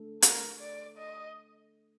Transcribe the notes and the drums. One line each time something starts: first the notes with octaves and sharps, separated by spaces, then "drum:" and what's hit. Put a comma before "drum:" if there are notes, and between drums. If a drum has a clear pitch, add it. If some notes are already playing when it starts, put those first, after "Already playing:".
Already playing: A3 D4 A4
A#4, drum: hi-hat
D5
D#5